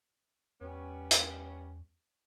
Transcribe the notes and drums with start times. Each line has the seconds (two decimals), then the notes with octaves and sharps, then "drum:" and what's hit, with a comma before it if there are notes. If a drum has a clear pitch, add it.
0.61 E2 G3 B3 C#4
1.11 drum: hi-hat